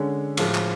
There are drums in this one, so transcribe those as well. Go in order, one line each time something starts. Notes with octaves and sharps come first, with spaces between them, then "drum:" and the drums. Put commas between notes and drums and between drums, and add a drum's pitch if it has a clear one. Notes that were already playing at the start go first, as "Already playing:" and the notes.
Already playing: D3 G#3 C#4
A2 F3 G#3, drum: cymbal
drum: clap